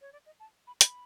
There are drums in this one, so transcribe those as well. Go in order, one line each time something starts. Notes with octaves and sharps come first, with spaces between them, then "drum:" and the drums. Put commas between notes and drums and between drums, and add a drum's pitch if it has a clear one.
C#5
D5
D#5
A5
B5
B5, drum: hi-hat